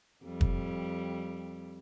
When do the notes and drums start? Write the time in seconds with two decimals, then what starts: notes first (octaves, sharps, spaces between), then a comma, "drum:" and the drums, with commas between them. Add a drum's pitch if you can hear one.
0.24 F2 G3
0.41 drum: kick